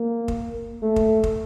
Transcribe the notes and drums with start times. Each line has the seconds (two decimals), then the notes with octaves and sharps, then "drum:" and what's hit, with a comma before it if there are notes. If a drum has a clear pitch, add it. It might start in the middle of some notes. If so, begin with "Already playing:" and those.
Already playing: A#3
0.28 drum: kick
0.82 A3
0.96 drum: kick
1.24 drum: kick